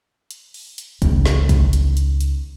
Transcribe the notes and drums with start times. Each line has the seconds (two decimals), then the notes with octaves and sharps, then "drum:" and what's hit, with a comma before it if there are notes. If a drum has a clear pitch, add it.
0.31 drum: hi-hat
0.54 drum: open hi-hat
0.78 drum: hi-hat
1.02 C#2 D#3, drum: kick, hi-hat
1.26 drum: snare
1.49 drum: kick, hi-hat
1.73 drum: hi-hat
1.97 drum: hi-hat
2.21 drum: hi-hat